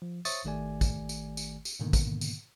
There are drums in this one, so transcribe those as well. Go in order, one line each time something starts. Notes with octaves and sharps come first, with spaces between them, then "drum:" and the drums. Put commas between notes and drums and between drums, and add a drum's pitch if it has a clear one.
F3
C5 C#5 E5 C#6 D#6 A6, drum: tambourine
G#1 D#3 A3 G4 D5 G#5
drum: kick, tambourine
drum: tambourine
drum: tambourine
drum: tambourine
G#2 B2 D3 D#3 A#3 B3
drum: kick, tambourine
drum: tambourine